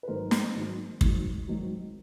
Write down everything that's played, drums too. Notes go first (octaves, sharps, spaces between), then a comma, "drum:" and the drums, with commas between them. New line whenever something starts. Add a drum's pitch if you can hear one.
B4
G#1 G#2 D#3 F#3 A#4 C5
drum: snare
G#1 G#2 D#3 F#3
G#1 G#2 D#3 F#3, drum: kick
G#1 G#2 D#3 F#3